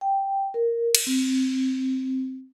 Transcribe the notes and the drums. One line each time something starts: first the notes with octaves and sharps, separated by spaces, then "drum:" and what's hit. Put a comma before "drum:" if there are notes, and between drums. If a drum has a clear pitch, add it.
G5
A#4
drum: cymbal
C4